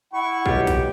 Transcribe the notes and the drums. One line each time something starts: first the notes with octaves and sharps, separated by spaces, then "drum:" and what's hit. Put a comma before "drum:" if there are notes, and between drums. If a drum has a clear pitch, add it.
E4 F#5 C#6
B1 F4 G4, drum: kick
drum: kick, hi-hat